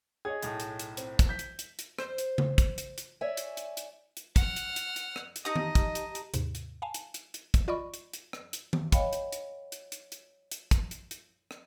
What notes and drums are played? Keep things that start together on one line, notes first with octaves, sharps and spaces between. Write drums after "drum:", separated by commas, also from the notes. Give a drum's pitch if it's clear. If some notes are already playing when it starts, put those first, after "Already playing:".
G#4 C#5 D#5 G#6
B1 A2, drum: hi-hat
drum: hi-hat
drum: hi-hat
C4, drum: hi-hat
drum: kick, hi-hat
G6 B6
drum: hi-hat
drum: hi-hat
drum: hi-hat
C5, drum: rim click
drum: hi-hat
drum: tom C#3
drum: kick, hi-hat
drum: hi-hat
drum: hi-hat
C#5 D5 E5 G#5
drum: hi-hat
drum: hi-hat
drum: hi-hat
drum: hi-hat
F#5 F6, drum: kick, hi-hat
drum: hi-hat
drum: hi-hat
drum: hi-hat
drum: rim click
drum: hi-hat
D#4 G4 D#5 A5 A#5 D#6
drum: tom D#3
drum: kick, hi-hat
drum: hi-hat
drum: hi-hat
D#2 G#2 C3, drum: hi-hat
drum: hi-hat
F5 G#5 A5
drum: hi-hat
drum: hi-hat
drum: hi-hat
drum: kick, hi-hat
F4 D5 D#5 B5 C#6
drum: hi-hat
drum: hi-hat
drum: rim click
drum: hi-hat
drum: tom D#3
C#5 D#5 F5 G5 B5, drum: kick, hi-hat
drum: hi-hat
drum: hi-hat
drum: hi-hat
drum: hi-hat
drum: hi-hat
drum: hi-hat
drum: kick, hi-hat
drum: hi-hat
drum: hi-hat
drum: rim click